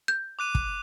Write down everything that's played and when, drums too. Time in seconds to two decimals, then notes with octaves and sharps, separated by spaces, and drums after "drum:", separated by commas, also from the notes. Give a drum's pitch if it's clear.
0.08 G6
0.39 D6 F#6 D#7
0.55 drum: kick